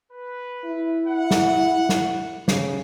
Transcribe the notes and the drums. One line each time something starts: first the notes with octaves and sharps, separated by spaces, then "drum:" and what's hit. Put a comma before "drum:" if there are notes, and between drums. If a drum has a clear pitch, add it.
B4
E4
F#5
drum: snare
drum: snare
C#3, drum: snare